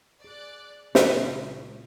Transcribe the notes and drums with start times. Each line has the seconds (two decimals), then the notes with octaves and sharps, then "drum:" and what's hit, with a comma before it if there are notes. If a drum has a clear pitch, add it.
0.24 G#4 D5 F#6
0.95 C#2 A#2 E3, drum: snare